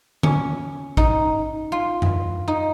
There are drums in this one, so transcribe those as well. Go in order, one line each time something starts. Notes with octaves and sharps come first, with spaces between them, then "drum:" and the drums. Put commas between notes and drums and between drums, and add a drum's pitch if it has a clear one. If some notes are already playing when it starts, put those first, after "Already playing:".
C#4, drum: tom D3
D#4, drum: kick A1
F4
drum: tom F#2
D#4